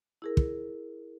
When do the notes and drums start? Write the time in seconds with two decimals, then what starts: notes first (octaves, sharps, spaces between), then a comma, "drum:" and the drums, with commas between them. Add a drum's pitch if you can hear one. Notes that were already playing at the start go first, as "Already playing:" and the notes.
0.22 E4 G#4 A#4
0.37 drum: kick